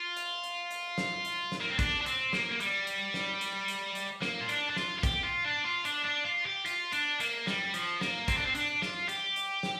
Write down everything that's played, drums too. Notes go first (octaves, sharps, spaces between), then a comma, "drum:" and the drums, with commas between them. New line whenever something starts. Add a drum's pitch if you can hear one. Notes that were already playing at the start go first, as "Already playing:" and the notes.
Already playing: F4
drum: hi-hat
drum: hi-hat
drum: hi-hat
drum: snare
drum: hi-hat
drum: snare
A#3
C4
D4, drum: kick, hi-hat
D4
C4, drum: hi-hat
A#3, drum: snare
A#3
G3, drum: hi-hat
drum: hi-hat
drum: snare
drum: hi-hat
drum: hi-hat
drum: hi-hat
A#3, drum: snare
F4
D4, drum: hi-hat
D4
F4, drum: snare
F4
G4, drum: kick, hi-hat
F4
D4
F4
D4, drum: hi-hat
D4
F4
G4
F4, drum: hi-hat
D4, drum: hi-hat
A#3, drum: hi-hat
G3, drum: snare
F3, drum: hi-hat
A#3, drum: snare
C4, drum: kick, hi-hat
D4
C4
D4, drum: hi-hat
F4, drum: snare
G4, drum: hi-hat
drum: hi-hat
drum: snare